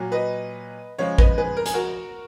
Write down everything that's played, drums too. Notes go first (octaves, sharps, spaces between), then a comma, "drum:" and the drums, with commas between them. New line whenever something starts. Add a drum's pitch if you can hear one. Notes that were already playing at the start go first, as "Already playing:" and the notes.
Already playing: A#2 F#3
B4 D#5
C#3 F3 G#3 C#5 F5
B4 D#5, drum: kick A1
G#4 B4
A#4
G#4, drum: hi-hat
F#4 A#4